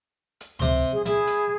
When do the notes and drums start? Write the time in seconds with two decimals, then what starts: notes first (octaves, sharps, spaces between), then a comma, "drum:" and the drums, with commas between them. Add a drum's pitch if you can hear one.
0.41 drum: hi-hat
0.59 C3 C6, drum: tom C#2
0.93 G#4
1.06 E4 G#4, drum: hi-hat
1.27 drum: hi-hat